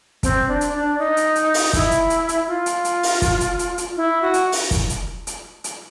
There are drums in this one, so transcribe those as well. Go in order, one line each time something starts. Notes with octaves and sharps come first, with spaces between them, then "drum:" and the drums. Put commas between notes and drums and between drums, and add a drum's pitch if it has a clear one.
C4, drum: kick, hi-hat
D4
drum: hi-hat
D4
D#4
drum: hi-hat
drum: hi-hat
drum: open hi-hat
E4, drum: kick, hi-hat
drum: hi-hat
drum: hi-hat
drum: hi-hat
F4
drum: hi-hat
drum: hi-hat
drum: open hi-hat
drum: kick, hi-hat
drum: hi-hat
drum: hi-hat
drum: hi-hat
E4
F#4
drum: hi-hat
drum: open hi-hat
drum: kick, hi-hat
drum: hi-hat
drum: hi-hat
drum: hi-hat